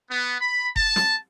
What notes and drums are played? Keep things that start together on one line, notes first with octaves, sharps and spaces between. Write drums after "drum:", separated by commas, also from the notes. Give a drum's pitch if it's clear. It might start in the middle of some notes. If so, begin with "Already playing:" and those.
B3
B5
A5, drum: kick F1
drum: snare